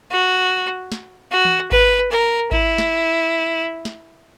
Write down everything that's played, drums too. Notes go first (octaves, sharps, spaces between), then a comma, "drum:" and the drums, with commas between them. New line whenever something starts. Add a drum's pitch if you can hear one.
F#4
drum: snare
F#4
drum: tom E3
B4, drum: kick G#1
A#4
E4, drum: kick G#1
drum: snare
drum: snare